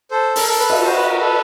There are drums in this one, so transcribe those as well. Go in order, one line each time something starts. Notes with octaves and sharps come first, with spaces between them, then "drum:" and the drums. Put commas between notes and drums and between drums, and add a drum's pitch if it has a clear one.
A4 C5
A#4, drum: open hi-hat
A4 A#4
B4
drum: cymbal
F#4 C5
B4
A#4
A4 B4